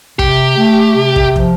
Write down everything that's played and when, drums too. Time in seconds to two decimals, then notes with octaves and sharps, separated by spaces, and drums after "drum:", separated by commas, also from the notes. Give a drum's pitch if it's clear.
0.19 C3 G4, drum: kick
0.57 A3
0.97 C3
1.16 drum: kick
1.36 F3, drum: kick